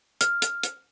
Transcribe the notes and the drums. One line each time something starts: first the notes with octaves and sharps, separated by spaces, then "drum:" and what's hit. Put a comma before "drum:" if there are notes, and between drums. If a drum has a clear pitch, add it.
F6, drum: hi-hat
drum: hi-hat
drum: hi-hat